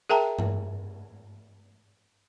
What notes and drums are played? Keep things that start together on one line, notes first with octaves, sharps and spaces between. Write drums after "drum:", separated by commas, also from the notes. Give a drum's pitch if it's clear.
G#4 A#4 E5 G5 A5 A#5
drum: tom G2